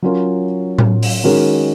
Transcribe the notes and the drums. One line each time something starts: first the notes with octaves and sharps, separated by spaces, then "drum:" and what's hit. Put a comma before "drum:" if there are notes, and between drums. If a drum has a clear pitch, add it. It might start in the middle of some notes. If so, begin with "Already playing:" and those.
F#3 C#4 F4 A#4
drum: tom A2
drum: open hi-hat
D#3 G#3 C#4 F#4 A#4